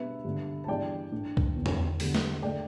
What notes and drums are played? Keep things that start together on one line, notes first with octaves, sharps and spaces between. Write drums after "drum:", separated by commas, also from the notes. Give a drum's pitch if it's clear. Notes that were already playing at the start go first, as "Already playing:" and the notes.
Already playing: B2 G3 B3 D4 B4 E5
G2 D3 B3 D4
A5
G2 E3 B3 D4 D5 G5
A2 A3 D4
drum: kick
E2 D3 B3
drum: tom E2
E2 D3 G3, drum: open hi-hat
drum: snare
D3 A3 D5 G5